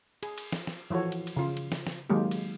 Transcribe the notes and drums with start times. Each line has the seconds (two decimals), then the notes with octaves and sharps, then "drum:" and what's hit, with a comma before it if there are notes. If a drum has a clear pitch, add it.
0.23 G#4, drum: cymbal
0.38 drum: cymbal
0.52 drum: snare
0.67 drum: snare
0.90 E3 F3 F#4 A4 C#5
1.12 drum: cymbal
1.27 drum: cymbal
1.36 C#3 F4
1.57 drum: cymbal
1.72 drum: snare
1.87 drum: snare
2.10 D#3 F#3 G#3 A#3 G4
2.31 drum: cymbal